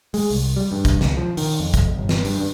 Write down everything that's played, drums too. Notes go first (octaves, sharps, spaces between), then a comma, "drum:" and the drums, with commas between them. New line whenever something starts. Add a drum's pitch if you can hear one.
G#3, drum: open hi-hat
C2, drum: open hi-hat
G3
G2
drum: kick, hi-hat
C#2, drum: snare
F3
D#3, drum: open hi-hat
F2
drum: kick, hi-hat
G1
drum: snare
G2, drum: open hi-hat
G2